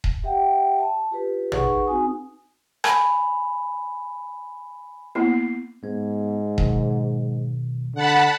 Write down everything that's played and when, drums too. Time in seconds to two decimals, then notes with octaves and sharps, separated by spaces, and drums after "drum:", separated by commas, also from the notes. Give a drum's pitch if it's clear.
0.04 drum: kick D#1
0.24 G4 E5 F#5 G5
0.78 A5
1.11 F4 G4 B4
1.52 D#4 G#4 B4 F#5 C#6, drum: tom
1.87 C4 D#4 F#4 G#5 D#6
2.84 G#5 B5, drum: rim click
5.15 A#3 B3 E4 C7
5.84 G#2 B3
6.58 B2 D#3 F#3, drum: kick D#1
7.95 D3 F#5 A5 B5